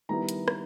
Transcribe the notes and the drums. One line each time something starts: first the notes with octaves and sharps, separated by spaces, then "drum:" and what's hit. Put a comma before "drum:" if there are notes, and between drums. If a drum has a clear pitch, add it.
D#3 G3 B3 E4 A#5
drum: hi-hat
drum: rim click